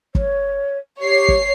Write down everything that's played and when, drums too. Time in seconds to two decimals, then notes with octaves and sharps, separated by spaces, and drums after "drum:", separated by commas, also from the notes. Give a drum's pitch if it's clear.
0.15 C#5, drum: kick
1.00 G4 C#5 C7
1.28 drum: kick